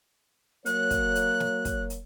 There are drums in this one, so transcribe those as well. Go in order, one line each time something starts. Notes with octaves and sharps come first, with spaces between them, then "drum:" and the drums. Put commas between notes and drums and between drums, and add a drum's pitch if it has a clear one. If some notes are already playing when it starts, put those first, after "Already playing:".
F#3 A#3 C#5 F#6, drum: hi-hat
drum: kick, hi-hat
drum: hi-hat
drum: snare
drum: kick, hi-hat
drum: hi-hat